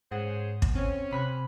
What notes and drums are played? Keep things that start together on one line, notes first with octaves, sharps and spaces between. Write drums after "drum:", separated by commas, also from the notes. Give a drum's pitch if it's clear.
G#2 C#4 G#4 C5 F#5
drum: kick
C4 C#4
C3 B5 F#6